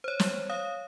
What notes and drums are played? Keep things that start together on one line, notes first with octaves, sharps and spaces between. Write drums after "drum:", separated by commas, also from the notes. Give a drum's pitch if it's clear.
C5 C#5
drum: snare
C#5 F5 D#6